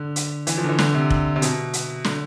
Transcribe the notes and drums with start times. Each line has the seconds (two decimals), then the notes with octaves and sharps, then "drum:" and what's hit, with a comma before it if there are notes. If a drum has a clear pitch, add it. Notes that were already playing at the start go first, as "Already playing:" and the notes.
Already playing: D3
0.16 drum: hi-hat
0.47 E3, drum: hi-hat
0.58 F3
0.64 D3
0.69 E3
0.78 D3, drum: snare
0.94 C3
1.10 drum: kick F1
1.36 C3
1.42 B2, drum: hi-hat
1.73 drum: hi-hat
2.04 D3, drum: snare